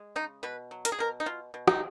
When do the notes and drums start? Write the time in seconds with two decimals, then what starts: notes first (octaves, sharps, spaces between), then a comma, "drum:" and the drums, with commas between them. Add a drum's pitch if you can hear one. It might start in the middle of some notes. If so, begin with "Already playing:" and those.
Already playing: G#3
0.16 C#3 D#4
0.43 B2 B4
0.71 F#3
0.85 A#4, drum: hi-hat
0.92 G#4
0.99 B2 A#4
1.20 D#4
1.26 B2 F4
1.54 B2
1.68 D#4, drum: rim click